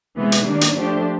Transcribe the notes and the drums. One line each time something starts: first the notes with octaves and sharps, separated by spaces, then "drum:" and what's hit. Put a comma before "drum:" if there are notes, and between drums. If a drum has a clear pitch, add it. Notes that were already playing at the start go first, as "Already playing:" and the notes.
C3 E3 G#3 B3
drum: hi-hat
D#3 G3 A#3 D4
drum: hi-hat
F3 A3 D4 G4 C5